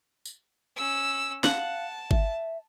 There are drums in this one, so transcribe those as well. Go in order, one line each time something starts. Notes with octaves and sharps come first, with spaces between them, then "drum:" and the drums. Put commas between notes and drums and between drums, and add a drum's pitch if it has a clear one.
drum: tambourine
C#4 E6
F5 F#5 A5, drum: snare
E5, drum: kick G1